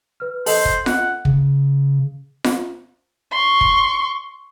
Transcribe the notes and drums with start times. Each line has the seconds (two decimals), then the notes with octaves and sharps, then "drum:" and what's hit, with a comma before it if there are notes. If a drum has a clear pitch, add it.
0.20 B4 F6
0.46 A4 C5 D#5 F#7, drum: open hi-hat
0.65 drum: kick
0.86 F#5, drum: snare F4
1.25 C#3, drum: kick
2.44 drum: snare F4
3.32 C6 C#6
3.61 drum: kick